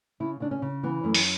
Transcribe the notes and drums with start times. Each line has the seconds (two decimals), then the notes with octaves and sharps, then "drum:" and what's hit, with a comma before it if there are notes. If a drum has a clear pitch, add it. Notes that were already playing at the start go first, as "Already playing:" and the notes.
0.20 C#3 E4
0.40 C#3 D4
0.51 C#4
0.62 C#3
0.83 E3 B3
1.04 F#2 A3
1.14 drum: open hi-hat